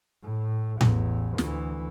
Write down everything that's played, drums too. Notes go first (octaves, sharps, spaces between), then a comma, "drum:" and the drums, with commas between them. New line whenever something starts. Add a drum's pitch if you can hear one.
A2
A1 E2, drum: tom A2
D2 E3, drum: snare